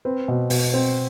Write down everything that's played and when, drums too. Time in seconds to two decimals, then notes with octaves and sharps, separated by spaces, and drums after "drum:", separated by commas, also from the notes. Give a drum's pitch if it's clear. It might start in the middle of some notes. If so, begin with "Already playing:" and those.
0.05 C4 B4
0.28 B2
0.50 B2, drum: open hi-hat
0.74 C4